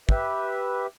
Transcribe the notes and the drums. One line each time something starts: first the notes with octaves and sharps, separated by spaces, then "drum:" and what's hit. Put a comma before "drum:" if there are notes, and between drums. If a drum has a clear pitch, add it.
G4 B4 E5, drum: kick